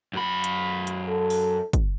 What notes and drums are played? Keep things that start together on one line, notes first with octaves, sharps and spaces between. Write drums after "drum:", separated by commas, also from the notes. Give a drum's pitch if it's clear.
F#2 B5
drum: hi-hat
drum: hi-hat
A4
drum: open hi-hat
drum: kick, hi-hat